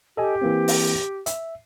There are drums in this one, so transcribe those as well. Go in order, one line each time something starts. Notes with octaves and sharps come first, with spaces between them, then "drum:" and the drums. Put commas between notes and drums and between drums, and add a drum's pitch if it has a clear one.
G4 A4 D#5 G#5
E3 A#3 C4
drum: open hi-hat
E5, drum: hi-hat